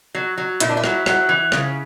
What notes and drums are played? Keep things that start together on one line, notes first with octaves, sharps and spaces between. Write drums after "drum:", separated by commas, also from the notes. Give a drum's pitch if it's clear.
F#3
F#3
A#2 E4, drum: hi-hat
D4
E4
F#3, drum: rim click
F#3, drum: rim click
E3
C#3, drum: rim click